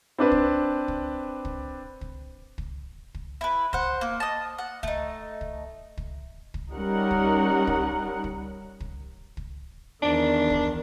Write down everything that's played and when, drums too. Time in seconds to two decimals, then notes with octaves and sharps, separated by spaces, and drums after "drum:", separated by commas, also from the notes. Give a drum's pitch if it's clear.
0.18 C4 D4 B4
0.32 drum: kick
0.88 drum: kick
1.45 drum: kick
2.01 drum: kick
2.58 drum: kick
3.14 drum: kick
3.41 E4 B4
3.73 C5 F#5, drum: kick
4.01 A#3
4.20 D#5 A5
4.58 F#5
4.83 A3 D#4, drum: kick
5.41 drum: kick
5.97 drum: kick
6.54 drum: kick
6.73 G3 C#4 D#4 G4 A#4 F#5
7.11 drum: kick
7.67 drum: kick
8.24 drum: kick
8.80 drum: kick
9.37 drum: kick
10.02 E2 D#3 D4
10.50 drum: kick